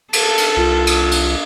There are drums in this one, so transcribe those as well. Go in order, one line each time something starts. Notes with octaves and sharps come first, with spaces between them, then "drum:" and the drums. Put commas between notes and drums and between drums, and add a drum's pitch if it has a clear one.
A4, drum: cymbal
drum: cymbal
C2 F4
drum: cymbal
drum: cymbal